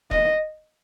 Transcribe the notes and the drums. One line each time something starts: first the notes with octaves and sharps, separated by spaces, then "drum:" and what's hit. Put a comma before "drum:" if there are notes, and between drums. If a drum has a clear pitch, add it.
D#5, drum: kick E1